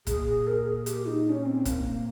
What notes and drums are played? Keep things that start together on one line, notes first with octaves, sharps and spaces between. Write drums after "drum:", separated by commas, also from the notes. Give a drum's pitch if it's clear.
A#2 G#4, drum: kick, hi-hat
G#4
A#4
G#4
G4, drum: hi-hat
D#4
D#4
C#4
C4
A#3, drum: kick, hi-hat
A#3